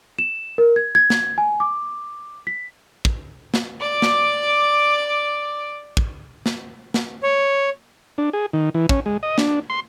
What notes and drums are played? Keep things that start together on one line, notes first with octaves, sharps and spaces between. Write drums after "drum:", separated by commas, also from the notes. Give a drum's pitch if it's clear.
E7
A#4
G#6
G#6
drum: snare
G#5
D6
B6
drum: kick
drum: snare
D5 D6
drum: snare
drum: kick
drum: snare
drum: snare
C#5
D4
G#4
D#3
E3
C#4, drum: kick
G#3
D#5
D4, drum: snare
C6